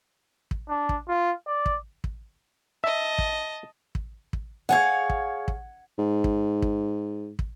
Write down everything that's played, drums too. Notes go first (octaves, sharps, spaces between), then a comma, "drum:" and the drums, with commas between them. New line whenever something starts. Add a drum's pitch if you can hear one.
drum: kick
D4
drum: kick
F4
D5
drum: kick
drum: kick
D#5 E5 A5
drum: kick
drum: kick
drum: kick
G#4 C#5 F5 F#5 G#6
drum: kick
drum: kick
G#2
drum: kick
drum: kick
drum: kick